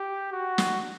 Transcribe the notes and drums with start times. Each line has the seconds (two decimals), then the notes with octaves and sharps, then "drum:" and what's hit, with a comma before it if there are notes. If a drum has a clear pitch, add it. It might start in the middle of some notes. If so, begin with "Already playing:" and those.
Already playing: G4
0.32 F#4
0.58 drum: snare